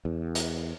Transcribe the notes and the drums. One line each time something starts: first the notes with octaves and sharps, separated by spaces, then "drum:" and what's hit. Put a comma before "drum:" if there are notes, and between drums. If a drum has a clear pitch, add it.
E2
drum: hi-hat